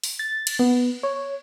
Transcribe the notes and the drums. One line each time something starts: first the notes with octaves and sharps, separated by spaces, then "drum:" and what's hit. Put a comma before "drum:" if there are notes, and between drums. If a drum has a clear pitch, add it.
drum: open hi-hat
A6
drum: cymbal
B3
C#5